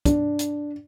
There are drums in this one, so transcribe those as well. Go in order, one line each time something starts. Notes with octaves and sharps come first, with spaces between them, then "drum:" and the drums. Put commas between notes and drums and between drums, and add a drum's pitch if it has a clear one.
D4, drum: kick, hi-hat
drum: hi-hat